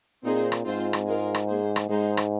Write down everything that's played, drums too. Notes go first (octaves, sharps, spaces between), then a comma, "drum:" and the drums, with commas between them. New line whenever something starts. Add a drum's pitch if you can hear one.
A#2 C4 D#4 G#4 C5
drum: rim click
G#2 C4 F4 C5
drum: rim click
G#3 F4 A#4
drum: rim click
A#3 G#4 C5
drum: rim click
G#2 G#3 D#4 G#4 C5
drum: rim click